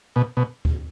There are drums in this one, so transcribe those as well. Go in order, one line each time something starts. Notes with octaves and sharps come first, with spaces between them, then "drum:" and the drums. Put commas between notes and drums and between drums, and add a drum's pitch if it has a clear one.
B2
B2
drum: kick